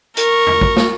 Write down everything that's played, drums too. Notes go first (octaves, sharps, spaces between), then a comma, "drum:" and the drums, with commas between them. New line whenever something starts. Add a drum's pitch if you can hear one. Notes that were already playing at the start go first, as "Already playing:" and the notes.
A#4 C#6, drum: hi-hat
drum: tom E2
drum: kick
drum: snare